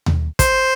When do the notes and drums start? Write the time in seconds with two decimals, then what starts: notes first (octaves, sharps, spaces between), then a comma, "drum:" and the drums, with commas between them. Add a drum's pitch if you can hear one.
0.06 drum: tom D#2
0.39 C5, drum: kick, hi-hat